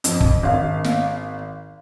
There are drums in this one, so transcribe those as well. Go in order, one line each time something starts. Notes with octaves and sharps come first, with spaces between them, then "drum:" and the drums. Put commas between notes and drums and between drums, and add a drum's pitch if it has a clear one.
F2, drum: hi-hat
drum: kick
G#1 F5
drum: snare